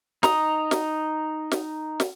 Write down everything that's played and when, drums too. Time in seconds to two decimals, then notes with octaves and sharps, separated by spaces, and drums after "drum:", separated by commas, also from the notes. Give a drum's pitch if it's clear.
0.23 D#4 A#5 D#6, drum: snare
0.71 drum: snare
1.51 drum: snare
2.00 drum: snare